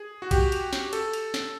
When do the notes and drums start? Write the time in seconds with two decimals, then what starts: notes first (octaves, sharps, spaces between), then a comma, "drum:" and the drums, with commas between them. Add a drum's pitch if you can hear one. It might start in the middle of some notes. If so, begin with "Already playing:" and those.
Already playing: G#4
0.22 F#4
0.31 G4, drum: kick, cymbal
0.52 drum: cymbal
0.73 drum: snare
0.93 A4, drum: cymbal
1.13 drum: cymbal
1.34 drum: snare